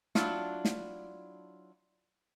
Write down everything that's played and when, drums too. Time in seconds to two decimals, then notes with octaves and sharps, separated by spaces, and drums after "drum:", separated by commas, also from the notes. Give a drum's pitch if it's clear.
0.15 F#3 D4 E4 F4, drum: snare
0.65 drum: snare